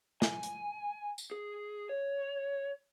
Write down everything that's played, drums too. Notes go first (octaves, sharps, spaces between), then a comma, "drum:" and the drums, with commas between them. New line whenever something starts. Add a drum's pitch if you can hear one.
G#5, drum: snare
drum: hi-hat
drum: tambourine
G#4
C#5